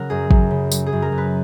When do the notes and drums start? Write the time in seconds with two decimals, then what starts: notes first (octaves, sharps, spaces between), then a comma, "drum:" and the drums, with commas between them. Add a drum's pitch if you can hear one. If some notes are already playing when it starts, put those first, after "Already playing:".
Already playing: C#3 F#3 A#4 F#5
0.10 F#2 G#4
0.31 F#2, drum: kick G#1
0.51 C#3
0.72 F#3, drum: tambourine
0.86 G#4
0.93 F#2
1.02 A#4
1.12 F#2
1.18 B4